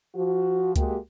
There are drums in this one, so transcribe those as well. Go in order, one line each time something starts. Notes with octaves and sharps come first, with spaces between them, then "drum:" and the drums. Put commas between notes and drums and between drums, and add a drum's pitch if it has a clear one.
F3 F#4
G#3 A#3 F#4 G4, drum: kick C#2, hi-hat